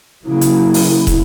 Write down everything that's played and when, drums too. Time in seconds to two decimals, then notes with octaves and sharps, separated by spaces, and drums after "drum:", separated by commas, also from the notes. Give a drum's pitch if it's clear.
0.25 C#3 F#3 A#3 E4
0.41 drum: hi-hat
0.74 drum: open hi-hat
1.07 drum: kick, hi-hat